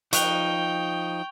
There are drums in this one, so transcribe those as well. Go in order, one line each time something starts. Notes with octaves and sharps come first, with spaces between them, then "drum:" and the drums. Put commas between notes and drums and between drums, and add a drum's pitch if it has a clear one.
F3 D#4 G5 C#6 F#6 F7 G7, drum: hi-hat